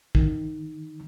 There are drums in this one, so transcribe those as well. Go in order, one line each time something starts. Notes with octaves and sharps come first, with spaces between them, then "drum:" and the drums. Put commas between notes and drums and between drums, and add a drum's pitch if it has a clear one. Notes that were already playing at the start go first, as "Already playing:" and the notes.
D#3, drum: kick